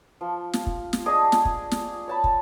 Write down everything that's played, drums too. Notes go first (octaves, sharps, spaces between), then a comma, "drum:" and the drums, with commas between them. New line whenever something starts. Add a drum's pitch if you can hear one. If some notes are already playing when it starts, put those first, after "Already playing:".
F3
drum: snare
drum: kick
drum: snare
D4 G#4 D#5
drum: snare
drum: kick
drum: snare
C#5 A5 B5
drum: kick